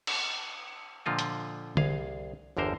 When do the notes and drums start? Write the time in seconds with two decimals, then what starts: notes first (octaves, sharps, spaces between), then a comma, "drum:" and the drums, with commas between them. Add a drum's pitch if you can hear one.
0.07 drum: cymbal
1.06 A#2 D3 F3 F4 D#5
1.19 drum: hi-hat
1.77 C2 G#4 F5, drum: tom D3
2.57 G1 E2 D3 A#4 C5